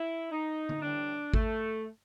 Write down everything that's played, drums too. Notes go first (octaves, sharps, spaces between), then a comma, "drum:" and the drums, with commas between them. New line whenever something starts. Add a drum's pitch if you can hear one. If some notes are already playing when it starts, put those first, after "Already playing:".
Already playing: E4
D#4
drum: tom D3
A2 E3 G3 D4
A3, drum: kick G#1